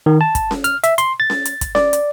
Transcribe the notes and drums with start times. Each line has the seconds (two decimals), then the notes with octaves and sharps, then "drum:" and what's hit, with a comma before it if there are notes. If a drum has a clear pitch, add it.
0.06 D#3
0.21 A5
0.35 drum: kick, hi-hat
0.51 drum: snare C#4
0.64 F6, drum: hi-hat
0.84 E5, drum: hi-hat
0.98 C6, drum: hi-hat
1.20 A6
1.30 drum: snare C#4
1.45 drum: hi-hat
1.61 drum: kick, hi-hat
1.75 D5, drum: snare C#4
1.93 drum: hi-hat